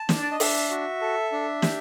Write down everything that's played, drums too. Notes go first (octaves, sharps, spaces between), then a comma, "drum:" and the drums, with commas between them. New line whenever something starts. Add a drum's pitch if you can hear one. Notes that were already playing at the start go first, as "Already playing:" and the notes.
Already playing: A5
D4, drum: snare
D5
D#5
D4 E5, drum: open hi-hat
F#4
A4
D4
G4, drum: snare